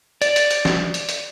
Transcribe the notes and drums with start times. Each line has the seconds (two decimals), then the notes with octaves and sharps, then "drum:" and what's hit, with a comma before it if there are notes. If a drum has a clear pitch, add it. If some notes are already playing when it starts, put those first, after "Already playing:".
0.22 D5, drum: hi-hat
0.36 drum: hi-hat
0.51 drum: hi-hat
0.65 drum: snare
0.94 drum: hi-hat
1.09 drum: hi-hat